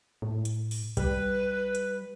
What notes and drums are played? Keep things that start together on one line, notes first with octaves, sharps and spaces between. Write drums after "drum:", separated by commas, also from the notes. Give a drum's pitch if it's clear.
A2
drum: hi-hat
drum: open hi-hat
G3 B4, drum: kick B1, hi-hat
drum: hi-hat